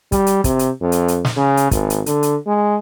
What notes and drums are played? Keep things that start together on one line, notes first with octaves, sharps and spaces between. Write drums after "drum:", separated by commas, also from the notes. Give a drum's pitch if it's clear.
G3, drum: kick, hi-hat
drum: hi-hat
C3, drum: kick, hi-hat
drum: hi-hat
F2
drum: hi-hat
drum: hi-hat
drum: snare
C#3
drum: hi-hat
G#1, drum: kick, hi-hat
drum: hi-hat
D3, drum: hi-hat
drum: hi-hat
G#3